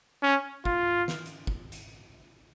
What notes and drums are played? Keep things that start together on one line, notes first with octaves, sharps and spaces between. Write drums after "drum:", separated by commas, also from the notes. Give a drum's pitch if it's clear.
C#4
F4, drum: kick
drum: snare
drum: hi-hat
drum: kick
drum: hi-hat